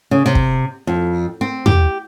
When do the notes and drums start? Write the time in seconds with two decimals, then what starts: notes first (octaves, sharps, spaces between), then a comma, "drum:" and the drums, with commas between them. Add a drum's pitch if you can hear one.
0.11 C#3
0.26 C3
0.35 drum: kick
0.87 F2
1.41 C4
1.66 G4, drum: tom